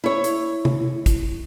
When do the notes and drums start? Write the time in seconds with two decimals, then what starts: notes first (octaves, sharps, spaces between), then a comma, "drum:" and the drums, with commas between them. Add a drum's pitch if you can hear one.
0.04 E4 C#5
0.24 drum: hi-hat
0.65 drum: tom
1.06 drum: kick, hi-hat